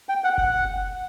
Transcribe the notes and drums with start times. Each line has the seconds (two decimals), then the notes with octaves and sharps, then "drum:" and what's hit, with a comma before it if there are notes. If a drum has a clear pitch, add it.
0.09 G5
0.24 F#5
0.38 F#5, drum: kick F#1